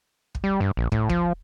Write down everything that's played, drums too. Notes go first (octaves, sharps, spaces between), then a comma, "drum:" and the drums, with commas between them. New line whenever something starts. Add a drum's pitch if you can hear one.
drum: kick
G3
G2
A#1
A2, drum: kick
F3, drum: kick